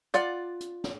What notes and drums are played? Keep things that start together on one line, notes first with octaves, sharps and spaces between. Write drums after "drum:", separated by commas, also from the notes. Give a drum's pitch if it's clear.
F4 D5 F#5, drum: hi-hat
drum: hi-hat
drum: snare